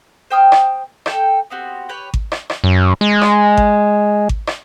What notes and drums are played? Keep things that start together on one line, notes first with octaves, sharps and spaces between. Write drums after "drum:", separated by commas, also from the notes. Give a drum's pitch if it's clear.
C5 G5 D#6 F6
drum: rim click
A4 G5, drum: rim click
B3 C4 F#4 G4
G4 B4 C#5
drum: kick G#1
drum: rim click
drum: rim click
F#2
G#3
drum: rim click
drum: kick G#1
drum: kick G#1
drum: rim click